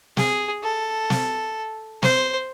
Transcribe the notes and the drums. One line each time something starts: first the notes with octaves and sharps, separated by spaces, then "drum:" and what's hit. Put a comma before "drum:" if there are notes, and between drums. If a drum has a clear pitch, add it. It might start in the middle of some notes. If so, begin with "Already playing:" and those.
G#4, drum: snare
A4
drum: snare
C5, drum: snare